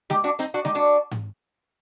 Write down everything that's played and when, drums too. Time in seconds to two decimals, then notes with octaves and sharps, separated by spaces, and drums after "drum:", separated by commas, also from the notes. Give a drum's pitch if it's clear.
0.10 D#4 G4, drum: snare G#3
0.24 D4 F#4
0.39 C4 D#4, drum: hi-hat
0.54 D4 F#4
0.65 D#4 G4, drum: snare G#3
0.75 D4 F#4
1.11 drum: tom G#2